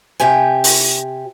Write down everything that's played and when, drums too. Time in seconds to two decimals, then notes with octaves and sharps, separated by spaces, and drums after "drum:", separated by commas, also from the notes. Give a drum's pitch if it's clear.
0.20 C3 G4 G5 G#5
0.64 drum: open hi-hat